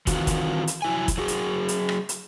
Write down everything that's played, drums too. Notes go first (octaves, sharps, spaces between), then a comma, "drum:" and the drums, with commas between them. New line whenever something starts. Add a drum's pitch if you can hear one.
D#3 E3 C4 F4 F#4, drum: kick, hi-hat
drum: kick, hi-hat
drum: hi-hat
F#3 E4 G#5
drum: kick, hi-hat
F#3 F#4 G#4
drum: hi-hat
drum: hi-hat
drum: rim click
drum: hi-hat